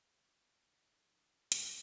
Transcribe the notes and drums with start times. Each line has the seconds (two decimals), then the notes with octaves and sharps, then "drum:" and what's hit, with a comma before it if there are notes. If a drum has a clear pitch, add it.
0.23 E2
0.66 D#3 F#3
0.93 B3 F#4
1.23 D4 G4 G#5
1.52 F2 C#4 E4 F#4, drum: hi-hat